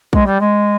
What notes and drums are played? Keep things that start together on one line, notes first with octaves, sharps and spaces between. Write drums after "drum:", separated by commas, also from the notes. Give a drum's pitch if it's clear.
G#3, drum: kick
G3
G#3